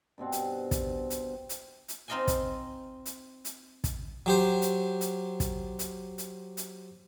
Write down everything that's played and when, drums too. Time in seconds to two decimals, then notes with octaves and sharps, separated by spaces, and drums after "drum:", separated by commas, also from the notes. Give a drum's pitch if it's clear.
0.18 G2 B2 C4 F#5
0.32 drum: hi-hat
0.71 drum: kick, hi-hat
1.10 drum: hi-hat
1.49 drum: hi-hat
1.88 drum: hi-hat
2.08 C4 D#4 F4 D#5 G5 G#5
2.27 drum: kick, hi-hat
3.06 drum: hi-hat
3.45 drum: hi-hat
3.84 drum: kick, hi-hat
4.26 F#3 G4 C5
4.62 drum: hi-hat
5.01 drum: hi-hat
5.40 drum: kick, hi-hat
5.79 drum: hi-hat
6.18 drum: hi-hat
6.57 drum: hi-hat